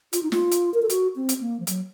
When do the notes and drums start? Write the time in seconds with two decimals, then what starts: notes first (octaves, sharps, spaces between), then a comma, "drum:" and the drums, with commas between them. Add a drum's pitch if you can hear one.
0.13 F4, drum: hi-hat
0.23 D#4
0.32 F4, drum: snare
0.52 drum: hi-hat
0.74 A#4
0.82 A4
0.90 F#4, drum: hi-hat
1.16 C4
1.29 drum: hi-hat
1.41 A#3
1.60 F3
1.67 F#3, drum: hi-hat